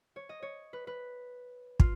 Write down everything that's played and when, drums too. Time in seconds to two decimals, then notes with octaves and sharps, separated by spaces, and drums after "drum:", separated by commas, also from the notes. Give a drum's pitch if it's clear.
0.16 C#5
0.29 D#5
0.42 C#5
0.73 B4
0.87 B4
1.80 F4, drum: kick